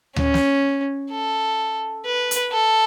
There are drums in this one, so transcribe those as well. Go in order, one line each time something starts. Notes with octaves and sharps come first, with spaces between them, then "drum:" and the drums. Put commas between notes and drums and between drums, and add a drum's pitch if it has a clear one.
C#4, drum: tom D2
drum: snare
A4
B4
drum: hi-hat
A4